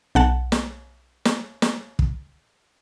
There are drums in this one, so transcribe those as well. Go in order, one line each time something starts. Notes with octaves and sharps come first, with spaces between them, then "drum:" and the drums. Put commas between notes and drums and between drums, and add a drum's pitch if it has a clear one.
B1 F#5 A5
drum: snare
drum: snare
drum: snare
drum: kick